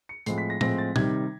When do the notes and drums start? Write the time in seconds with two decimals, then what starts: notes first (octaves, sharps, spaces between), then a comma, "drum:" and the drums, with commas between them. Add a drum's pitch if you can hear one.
0.09 C#7
0.26 A2 F3 G#3 C4 C7, drum: hi-hat
0.38 B6
0.50 A#6
0.61 A2 F3 G#3 C4 A#6, drum: tom
0.78 A6
0.96 C3 D#3 G3 G#6, drum: tom